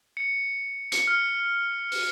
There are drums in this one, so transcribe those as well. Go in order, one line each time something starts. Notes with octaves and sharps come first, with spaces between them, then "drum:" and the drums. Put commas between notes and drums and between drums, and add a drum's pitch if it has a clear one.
C#7
C#7, drum: hi-hat
F6
drum: open hi-hat